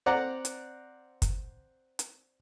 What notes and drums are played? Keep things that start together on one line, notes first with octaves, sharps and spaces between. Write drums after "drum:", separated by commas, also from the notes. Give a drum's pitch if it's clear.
C4 D5 F#5 A#5
drum: hi-hat
drum: kick, hi-hat
drum: hi-hat